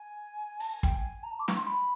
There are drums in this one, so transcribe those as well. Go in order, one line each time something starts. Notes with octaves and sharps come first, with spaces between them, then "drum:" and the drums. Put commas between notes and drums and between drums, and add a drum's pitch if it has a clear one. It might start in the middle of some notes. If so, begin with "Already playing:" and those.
Already playing: G#5
A5, drum: open hi-hat
G#5
G5, drum: kick
G#5
A#5
A5
D6
C#6, drum: snare
C6
B5